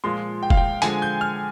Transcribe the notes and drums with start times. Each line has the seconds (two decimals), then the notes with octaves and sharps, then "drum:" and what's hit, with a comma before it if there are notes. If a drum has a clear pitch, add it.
0.04 A#2 F3 G#3 C6
0.43 G5
0.50 F5, drum: kick
0.57 G5
0.82 D3 F3 G#3 G#5, drum: hi-hat
1.02 G6
1.21 F6